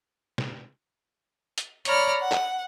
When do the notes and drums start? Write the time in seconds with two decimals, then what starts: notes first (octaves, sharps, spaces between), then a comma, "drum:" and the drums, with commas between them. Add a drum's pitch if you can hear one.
0.38 drum: snare
1.58 drum: hi-hat
1.85 C#5 D5 A#5 B5 F6, drum: hi-hat
2.21 F#5
2.32 drum: clap